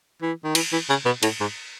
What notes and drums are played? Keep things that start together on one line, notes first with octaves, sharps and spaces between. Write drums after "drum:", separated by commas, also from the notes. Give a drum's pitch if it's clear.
E3
D#3
E3, drum: cymbal
E3
C#3
B2
A2, drum: cymbal
G#2